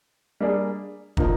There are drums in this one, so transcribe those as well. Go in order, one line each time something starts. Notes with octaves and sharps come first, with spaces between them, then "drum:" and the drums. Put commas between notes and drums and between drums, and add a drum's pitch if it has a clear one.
G3 A#3 D4 G#4
D3 F3 A#3 D#4, drum: kick